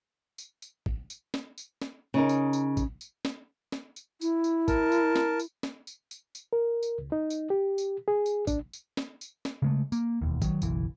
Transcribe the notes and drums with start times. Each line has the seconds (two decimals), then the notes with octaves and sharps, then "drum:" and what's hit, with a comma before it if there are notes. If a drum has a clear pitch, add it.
0.38 drum: tambourine
0.62 drum: tambourine
0.86 drum: kick
1.10 drum: tambourine
1.34 drum: snare
1.58 drum: tambourine
1.82 drum: snare
2.14 C#3 D#4 A#4
2.29 drum: tambourine
2.53 drum: tambourine
2.77 drum: kick, tambourine
3.01 drum: tambourine
3.25 drum: snare
3.72 drum: snare
3.96 drum: tambourine
4.21 E4, drum: tambourine
4.44 drum: tambourine
4.68 A#4 A5, drum: kick, tambourine
4.92 drum: tambourine
5.16 drum: snare
5.39 drum: tambourine
5.63 drum: snare
5.87 drum: tambourine
6.11 drum: tambourine
6.35 drum: tambourine
6.53 A#4
6.83 drum: tambourine
6.98 C#2
7.12 D#4
7.30 drum: tambourine
7.50 G4
7.78 drum: tambourine
8.08 G#4
8.26 drum: tambourine
8.47 D4, drum: kick, tambourine
8.73 drum: tambourine
8.97 drum: snare
9.21 drum: tambourine
9.45 drum: snare
9.62 C#3 G#3 A3
9.92 A#3, drum: tambourine
10.21 E1 A#1 D#2
10.42 D#3 F#3, drum: kick, tambourine
10.62 F#1 B1 E3, drum: tambourine